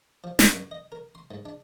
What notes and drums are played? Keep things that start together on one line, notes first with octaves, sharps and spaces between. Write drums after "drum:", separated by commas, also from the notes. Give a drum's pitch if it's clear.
F3
F#3, drum: snare
F#2
D#5
A#4
C6
G#2
D4